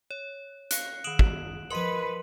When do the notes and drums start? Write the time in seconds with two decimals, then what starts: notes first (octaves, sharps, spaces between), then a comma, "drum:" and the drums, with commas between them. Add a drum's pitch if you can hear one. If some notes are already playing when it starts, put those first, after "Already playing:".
0.10 C#5
0.71 F5 F#6 C7 C#7, drum: hi-hat
1.04 D#3 D#6 D7 E7 F#7
1.19 drum: kick
1.71 F3 A#4 B4 D#5 C6 D#7 F#7